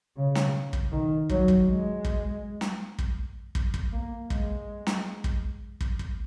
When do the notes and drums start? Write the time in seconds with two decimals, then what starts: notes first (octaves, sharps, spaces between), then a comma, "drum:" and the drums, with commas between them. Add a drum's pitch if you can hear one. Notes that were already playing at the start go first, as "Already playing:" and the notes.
0.17 C#3
0.35 drum: snare
0.73 drum: kick
0.92 D#3
1.30 F#3, drum: kick
1.48 drum: kick
1.67 G#3
2.05 drum: kick
2.61 drum: snare
2.99 drum: kick
3.55 drum: kick
3.74 drum: kick
3.92 A#3
4.30 G#3, drum: kick
4.87 drum: snare
5.24 drum: kick
5.81 drum: kick
5.99 drum: kick